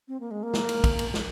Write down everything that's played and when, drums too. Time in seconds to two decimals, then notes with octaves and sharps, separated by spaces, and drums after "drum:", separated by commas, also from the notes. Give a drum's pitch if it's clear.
0.08 C4
0.20 A#3
0.31 G#3
0.43 A#3
0.54 drum: snare
0.69 drum: cymbal
0.84 drum: kick, cymbal
0.99 drum: cymbal
1.14 drum: snare